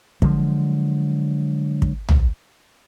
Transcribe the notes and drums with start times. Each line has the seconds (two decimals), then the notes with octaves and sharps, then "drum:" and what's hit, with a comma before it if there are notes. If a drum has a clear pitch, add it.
0.22 D3 F3 F#3 G#3, drum: kick
1.82 drum: kick
2.09 drum: tom B1